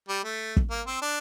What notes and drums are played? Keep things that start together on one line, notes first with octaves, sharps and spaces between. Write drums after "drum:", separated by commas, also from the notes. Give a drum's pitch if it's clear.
G3
A3
drum: kick
A#3
C4
D4